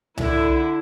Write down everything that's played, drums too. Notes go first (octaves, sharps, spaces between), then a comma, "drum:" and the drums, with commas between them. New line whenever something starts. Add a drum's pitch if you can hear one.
D3 E4, drum: tom C2